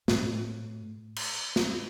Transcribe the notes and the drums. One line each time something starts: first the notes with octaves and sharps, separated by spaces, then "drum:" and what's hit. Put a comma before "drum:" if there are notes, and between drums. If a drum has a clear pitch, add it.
A2, drum: snare
drum: cymbal
drum: snare